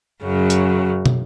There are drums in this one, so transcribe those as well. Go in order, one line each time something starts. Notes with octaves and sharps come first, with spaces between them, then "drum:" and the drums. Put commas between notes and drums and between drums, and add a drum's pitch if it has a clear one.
F#2 C#3 F#3
drum: hi-hat
drum: tom